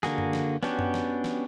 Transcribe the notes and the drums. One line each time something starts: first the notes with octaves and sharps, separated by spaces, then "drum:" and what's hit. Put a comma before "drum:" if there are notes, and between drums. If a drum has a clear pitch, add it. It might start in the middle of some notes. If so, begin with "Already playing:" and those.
D3 A#3 F#4 G#4, drum: snare
drum: tom F#2
drum: snare
B3 C#4 D4 F#4 G4, drum: snare
drum: tom F#2
drum: snare
drum: snare